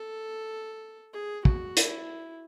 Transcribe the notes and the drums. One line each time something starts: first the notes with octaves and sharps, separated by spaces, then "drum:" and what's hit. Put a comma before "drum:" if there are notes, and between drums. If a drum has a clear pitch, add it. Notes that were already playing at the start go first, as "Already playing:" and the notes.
Already playing: A4
G#4
F#4, drum: kick
E4, drum: hi-hat